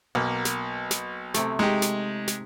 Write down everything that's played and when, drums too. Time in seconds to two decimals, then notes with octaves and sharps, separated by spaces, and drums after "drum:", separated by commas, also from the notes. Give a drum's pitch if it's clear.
0.15 B1 A#3
0.45 drum: snare
0.91 drum: snare
1.34 C3 A3, drum: snare
1.59 G#3 D#4 G4
1.82 drum: snare
2.28 drum: snare